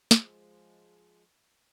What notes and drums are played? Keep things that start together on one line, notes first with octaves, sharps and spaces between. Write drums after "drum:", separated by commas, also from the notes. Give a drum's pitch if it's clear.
F3 G#3, drum: snare